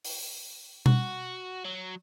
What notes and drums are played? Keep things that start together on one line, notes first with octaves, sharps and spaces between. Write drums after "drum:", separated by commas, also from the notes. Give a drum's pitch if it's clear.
drum: open hi-hat
F#4, drum: tom B2
F#3